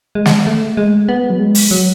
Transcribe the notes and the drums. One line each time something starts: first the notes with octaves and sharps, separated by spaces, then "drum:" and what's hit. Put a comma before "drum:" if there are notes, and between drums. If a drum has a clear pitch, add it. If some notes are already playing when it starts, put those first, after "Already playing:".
G#3
drum: snare
A3
G#3
B3
F#3
G#3
drum: open hi-hat
F#3